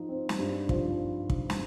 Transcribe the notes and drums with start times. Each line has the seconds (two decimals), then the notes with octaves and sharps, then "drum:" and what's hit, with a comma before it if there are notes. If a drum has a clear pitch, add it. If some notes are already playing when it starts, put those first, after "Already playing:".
Already playing: F3 D#4
0.09 C4
0.29 drum: snare
0.39 G2
0.69 F3, drum: kick
1.30 drum: kick
1.50 drum: snare